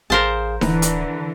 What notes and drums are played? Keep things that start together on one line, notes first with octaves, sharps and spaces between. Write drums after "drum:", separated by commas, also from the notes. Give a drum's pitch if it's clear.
A1 G#4 A#4 C5 F5 A5
D1 D3 E3 B4 A#5 F#6, drum: snare D#4
drum: hi-hat